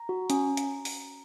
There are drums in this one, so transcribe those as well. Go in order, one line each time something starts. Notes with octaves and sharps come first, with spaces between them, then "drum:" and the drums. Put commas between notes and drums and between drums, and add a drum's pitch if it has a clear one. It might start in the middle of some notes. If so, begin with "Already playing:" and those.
Already playing: A#5
F#4
C#4, drum: hi-hat
drum: hi-hat
drum: open hi-hat